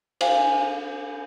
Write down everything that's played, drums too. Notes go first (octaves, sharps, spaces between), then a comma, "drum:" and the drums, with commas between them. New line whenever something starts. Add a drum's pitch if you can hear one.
C5 F5 G#5, drum: cymbal